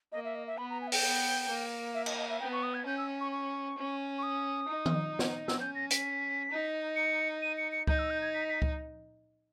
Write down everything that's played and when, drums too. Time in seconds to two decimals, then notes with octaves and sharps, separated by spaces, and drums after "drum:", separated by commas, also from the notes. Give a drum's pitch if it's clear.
0.12 A#3 D#5
0.24 E5
0.35 D#5
0.47 E5
0.58 B3 B5
0.70 A#5
0.81 G#5
0.87 E5
0.92 G5, drum: open hi-hat
1.04 B3
1.49 A#3
1.94 E5
2.06 D#5, drum: cymbal
2.17 D#5
2.29 E5
2.40 B3 G5
2.52 C#6
2.63 D#6
2.74 G#6
2.86 C#4 G6
2.97 E6
3.21 C#6
3.32 C#6
3.77 C#4
4.18 C#6
4.23 D#6
4.69 D#4
4.86 drum: tom D#3
5.19 drum: snare
5.48 E6, drum: snare
5.60 C#4 G6
5.75 A#6
5.91 B6, drum: hi-hat
6.51 D#4
6.96 C#7
7.42 D#7
7.57 C#7
7.72 C#7
7.87 D#4 G6, drum: kick C#2
7.99 E6
8.10 G6
8.22 G#6
8.34 B6
8.49 B6
8.62 drum: kick C#2